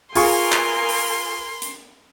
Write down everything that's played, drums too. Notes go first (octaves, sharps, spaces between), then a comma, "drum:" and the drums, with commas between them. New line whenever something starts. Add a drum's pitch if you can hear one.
F4 G#4 A#4 B4 G#5 C6 C#6, drum: open hi-hat
drum: clap
drum: open hi-hat
drum: hi-hat